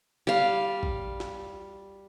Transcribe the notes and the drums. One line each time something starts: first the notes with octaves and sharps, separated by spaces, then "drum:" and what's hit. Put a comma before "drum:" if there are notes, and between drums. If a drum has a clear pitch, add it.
G3 F5
drum: kick
drum: snare